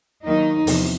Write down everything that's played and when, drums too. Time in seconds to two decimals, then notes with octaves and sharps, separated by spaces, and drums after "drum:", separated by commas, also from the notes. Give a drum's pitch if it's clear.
0.25 D#2 D#3 F#3 D#4
0.67 E2 C3 F3, drum: open hi-hat